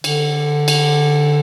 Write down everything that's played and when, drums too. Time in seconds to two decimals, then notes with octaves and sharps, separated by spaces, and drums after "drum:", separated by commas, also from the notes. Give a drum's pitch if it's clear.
0.04 D3, drum: cymbal
0.68 drum: cymbal